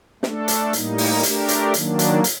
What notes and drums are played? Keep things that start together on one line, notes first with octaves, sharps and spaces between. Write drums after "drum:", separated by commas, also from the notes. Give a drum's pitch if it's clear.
A3 D4 A4, drum: snare
drum: hi-hat
A2 G3 A#3 D#4, drum: hi-hat
drum: open hi-hat
A3 D4 G4 A#4, drum: hi-hat
drum: hi-hat
D#3 F#3 A#3 D4, drum: hi-hat
drum: hi-hat
drum: hi-hat